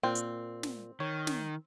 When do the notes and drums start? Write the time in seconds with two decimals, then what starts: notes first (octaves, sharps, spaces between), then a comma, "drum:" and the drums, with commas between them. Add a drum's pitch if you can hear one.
0.03 A#2 C4
0.15 drum: hi-hat
0.63 drum: snare
1.00 D#3 C#5
1.27 drum: snare